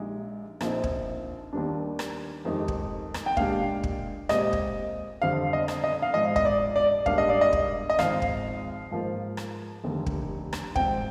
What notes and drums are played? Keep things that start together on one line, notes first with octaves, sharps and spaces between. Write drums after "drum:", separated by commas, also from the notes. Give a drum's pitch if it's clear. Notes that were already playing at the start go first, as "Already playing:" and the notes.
Already playing: A#1 A#2 G#3 D#4 G4
A#1 A#2 F3 C4 D#4, drum: rim click
drum: kick
D#2 D#3 G3 D4
drum: rim click
F2 D#3 G#3 D#4 G4
drum: kick
drum: rim click
G5
A#2 G#3 D4 G4 F5, drum: kick
drum: kick
A#2 G#3 C4 G4 D#5, drum: rim click
drum: kick
F2 D3 G3 C4 F5
D#5
drum: rim click
D#5
F5
G#2 F3 G#3 D#5
D#5, drum: kick
D5
D5
G#2 G3 A#3 D4 G4 F5, drum: kick
D#5
D5
D#5
drum: kick
D#5
G#1 G#2 F3 F5, drum: rim click
drum: kick
G#2 F3 A#3 F4
drum: rim click
F1 D#2 D3
drum: kick
drum: rim click
G#2 F3 C4 G5, drum: kick